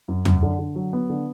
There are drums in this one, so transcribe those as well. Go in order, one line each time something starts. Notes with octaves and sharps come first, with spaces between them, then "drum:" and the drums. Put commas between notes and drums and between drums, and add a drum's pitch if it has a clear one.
F#2
F#2, drum: tom E2
D3
D3
F#3
B3
D3